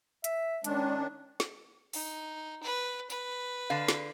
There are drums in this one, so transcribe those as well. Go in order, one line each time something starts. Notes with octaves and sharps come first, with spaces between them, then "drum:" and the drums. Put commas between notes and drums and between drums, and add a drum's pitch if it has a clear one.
E5, drum: hi-hat
D#3 G#3 C#4 D4, drum: hi-hat
drum: snare
D#4, drum: open hi-hat
B4
B4, drum: tambourine
D3 F5
drum: snare